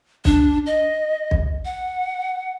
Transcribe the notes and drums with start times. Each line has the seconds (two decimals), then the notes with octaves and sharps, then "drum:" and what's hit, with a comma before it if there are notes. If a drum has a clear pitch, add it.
0.25 D4, drum: kick B1
0.66 D#5
1.31 drum: kick B1
1.65 F#5